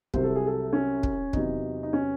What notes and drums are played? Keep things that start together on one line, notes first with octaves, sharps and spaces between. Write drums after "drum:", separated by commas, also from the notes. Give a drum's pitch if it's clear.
C2 C3 F#3 C5, drum: kick
A4
G#4
A4
C#4
drum: kick
E2 C3 F#3 D#4, drum: kick
D#4
C#4